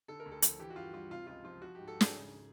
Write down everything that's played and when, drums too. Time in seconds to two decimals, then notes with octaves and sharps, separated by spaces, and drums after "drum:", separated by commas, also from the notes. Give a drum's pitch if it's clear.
0.08 D3 A4
0.20 A#4
0.26 D2
0.31 A4
0.42 F3, drum: hi-hat
0.59 E3 G4
0.70 F#4
0.76 G2 F4
0.93 G3 F4
1.10 C3 F4
1.27 C#2 F4
1.44 F3 F4
1.62 F3 F#4
1.75 G#2 G4
1.88 A4
1.95 G#2
2.01 G#4, drum: snare
2.13 C#3